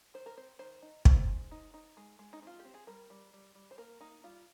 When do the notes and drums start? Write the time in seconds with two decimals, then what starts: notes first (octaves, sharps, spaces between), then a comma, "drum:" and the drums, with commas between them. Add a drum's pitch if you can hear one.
0.14 D#3 C5
0.26 A#4
0.37 C4 C5
0.59 D#3 C5
0.82 D#4
1.05 D#4 C5, drum: kick
1.27 G#3
1.51 D#4
1.74 D#4
1.97 G#3
2.19 G#3
2.33 D#4
2.42 C4 F4
2.59 G4
2.65 C4
2.74 G#4
2.87 G3 A#4
3.10 G3
3.33 G3
3.55 G3
3.71 C5
3.78 A#3 A#4
4.01 A#3 D#4
4.24 G3 F4